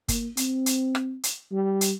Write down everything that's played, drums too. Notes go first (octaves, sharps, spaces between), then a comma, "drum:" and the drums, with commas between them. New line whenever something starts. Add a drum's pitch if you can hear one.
A#3, drum: kick, hi-hat
C4, drum: hi-hat
drum: hi-hat
drum: rim click
drum: hi-hat
G3
drum: hi-hat